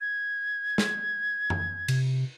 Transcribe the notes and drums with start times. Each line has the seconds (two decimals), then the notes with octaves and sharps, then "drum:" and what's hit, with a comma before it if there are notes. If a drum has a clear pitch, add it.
0.01 G#6
0.78 drum: snare
1.50 drum: tom F#2
1.88 C3, drum: cymbal